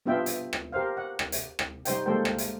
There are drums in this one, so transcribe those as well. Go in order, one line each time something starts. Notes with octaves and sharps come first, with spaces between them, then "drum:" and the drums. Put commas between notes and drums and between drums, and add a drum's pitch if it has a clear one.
G3 B3 D4 F4 E5 G5
drum: hi-hat
drum: rim click
G4 A#4 C5 F5
F#5
drum: rim click
drum: hi-hat
drum: rim click
G3 D#4 C5 G5, drum: hi-hat
G3 G#3 A#3 A4 C5 G5
drum: rim click
drum: hi-hat